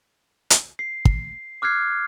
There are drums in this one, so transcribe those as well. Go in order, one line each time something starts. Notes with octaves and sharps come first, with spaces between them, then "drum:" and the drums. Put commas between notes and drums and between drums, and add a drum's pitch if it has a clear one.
drum: hi-hat
C7
drum: kick
D6 F6 F#6 G#6 C7